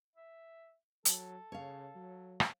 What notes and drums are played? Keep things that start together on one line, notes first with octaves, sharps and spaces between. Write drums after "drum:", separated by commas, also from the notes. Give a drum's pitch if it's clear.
E5
F#3 A4, drum: hi-hat
C#3 C#5 F5
F#3
drum: rim click